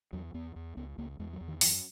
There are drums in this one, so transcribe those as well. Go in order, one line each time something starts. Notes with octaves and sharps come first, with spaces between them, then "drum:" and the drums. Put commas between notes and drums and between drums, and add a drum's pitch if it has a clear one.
E2 F#3
E2 B3
E2
C#2 B3
C#2 A#3
E2 G#3
F#3
E2
D#3
F#2 E3, drum: open hi-hat